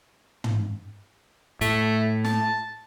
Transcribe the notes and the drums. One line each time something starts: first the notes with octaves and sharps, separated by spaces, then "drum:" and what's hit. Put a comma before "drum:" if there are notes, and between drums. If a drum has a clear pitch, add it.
drum: tom
A2 A3, drum: hi-hat
A5, drum: snare